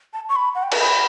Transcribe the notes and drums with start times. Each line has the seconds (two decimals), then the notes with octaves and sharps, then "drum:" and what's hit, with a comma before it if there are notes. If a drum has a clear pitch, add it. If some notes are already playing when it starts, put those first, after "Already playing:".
0.13 A5
0.29 C#6
0.36 B5
0.55 F#5
0.63 G5
0.72 A5, drum: cymbal
0.80 B5